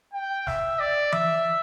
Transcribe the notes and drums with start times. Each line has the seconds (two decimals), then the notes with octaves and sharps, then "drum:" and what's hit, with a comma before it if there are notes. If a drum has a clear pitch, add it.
0.14 G5
0.47 E5, drum: snare
0.80 D5
1.12 E5, drum: tom E3